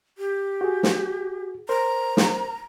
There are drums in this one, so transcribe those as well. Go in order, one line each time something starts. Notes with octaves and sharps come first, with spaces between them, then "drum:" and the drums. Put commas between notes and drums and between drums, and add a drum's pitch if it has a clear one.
G4
F#4 G#4
drum: snare
A#4 C5 A#5
drum: snare